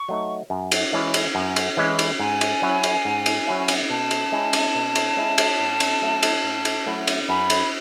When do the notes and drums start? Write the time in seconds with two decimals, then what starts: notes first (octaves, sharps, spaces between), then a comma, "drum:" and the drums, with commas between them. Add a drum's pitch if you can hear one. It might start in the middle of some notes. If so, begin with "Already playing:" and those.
Already playing: C#6
0.09 F#3 A3 D#4
0.50 F#2
0.72 drum: cymbal
0.93 E3 G#3 C#4 E4
1.14 drum: cymbal
1.35 F#2
1.56 drum: cymbal
1.77 E3 G#3 C#4 E4
1.99 drum: cymbal
2.19 G#2 G#5
2.41 drum: cymbal
2.62 F#3 C#4 E4
2.83 drum: cymbal
3.05 G#2
3.26 drum: cymbal
3.47 F#3 C#4 E4
3.68 drum: cymbal
3.90 B2 A5
4.11 drum: cymbal
4.32 G#3 C#4 E4
4.53 drum: cymbal
4.75 B2
4.95 drum: cymbal
5.17 G#3 C#4 E4
5.38 drum: cymbal
5.59 A2
5.80 drum: cymbal
6.02 F#3 A3 E4
6.23 drum: cymbal
6.43 A2
6.65 drum: cymbal
6.86 F#3 A3 E4
7.07 drum: cymbal
7.29 F#2 B5
7.50 drum: cymbal